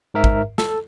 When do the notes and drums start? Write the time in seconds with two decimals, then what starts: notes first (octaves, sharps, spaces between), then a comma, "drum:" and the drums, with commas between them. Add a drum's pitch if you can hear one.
0.14 G#2 A#4 E5
0.24 drum: kick A1
0.58 A4, drum: snare